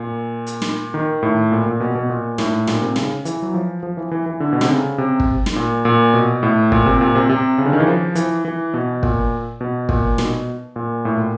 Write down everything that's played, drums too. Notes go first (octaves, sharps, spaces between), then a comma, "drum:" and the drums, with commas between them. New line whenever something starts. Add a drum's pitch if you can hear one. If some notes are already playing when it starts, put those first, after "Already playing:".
Already playing: A#2
drum: hi-hat
drum: snare
D#3
A2
A#2
A#2
B2
B2
A#2
A2, drum: snare
A#2, drum: snare
C3
C#3, drum: snare
E3, drum: hi-hat
F#3
F3
F3
E3
E3
E3
D3
B2
C3, drum: snare
C#3
C3
drum: kick
drum: snare
A#2
A#2
B2
A2
A#2, drum: kick
C3
A#2
C3
C3
C#3
D3
D#3
E3
F3
E3, drum: hi-hat
E3
B2
A#2, drum: kick
B2
A#2, drum: kick
B2, drum: snare
A#2
A2
A#2